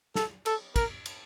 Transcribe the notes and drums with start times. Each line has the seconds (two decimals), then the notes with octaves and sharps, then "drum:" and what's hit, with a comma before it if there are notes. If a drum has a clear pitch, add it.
0.15 A4, drum: snare
0.46 A4, drum: cymbal
0.76 A#4, drum: kick, cymbal
1.06 drum: cymbal